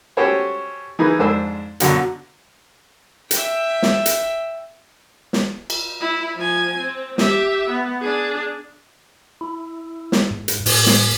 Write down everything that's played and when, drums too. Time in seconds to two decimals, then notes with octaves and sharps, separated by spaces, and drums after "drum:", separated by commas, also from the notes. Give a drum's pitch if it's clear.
0.17 C#4 F#4 G4 A4 C5 C#5
0.99 E3 D#4 E4 G#4 B4
1.18 F2 G#2 D4 C5 E6
1.80 F#2 B2 D3 F#3, drum: hi-hat
3.31 E5 G5, drum: hi-hat
3.83 drum: snare
4.06 drum: hi-hat
5.33 drum: snare
5.70 drum: cymbal
6.00 E4
6.36 F3 G#5
6.77 C4
7.18 G4 E5, drum: snare
7.69 B3
8.01 D4 G#4
9.41 E4
10.12 drum: snare
10.31 G#2
10.48 drum: hi-hat
10.66 A2, drum: open hi-hat
10.86 drum: snare